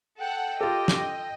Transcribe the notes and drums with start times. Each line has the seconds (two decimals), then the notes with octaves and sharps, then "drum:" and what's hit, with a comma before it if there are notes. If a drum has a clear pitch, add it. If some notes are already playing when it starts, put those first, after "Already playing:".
0.20 A4 F#5 G5
0.61 F4 G4 A4 D#5
0.88 drum: snare